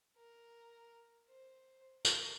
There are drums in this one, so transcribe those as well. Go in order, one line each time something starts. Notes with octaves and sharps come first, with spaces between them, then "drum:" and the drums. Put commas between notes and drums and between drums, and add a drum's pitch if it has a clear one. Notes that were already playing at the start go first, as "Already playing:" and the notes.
A#4
C5
A#4, drum: tambourine